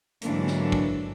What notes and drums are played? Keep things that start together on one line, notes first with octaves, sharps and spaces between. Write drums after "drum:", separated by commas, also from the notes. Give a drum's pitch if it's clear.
G#2 D3 E3 F#3 A#3 D4, drum: hi-hat
drum: snare
drum: kick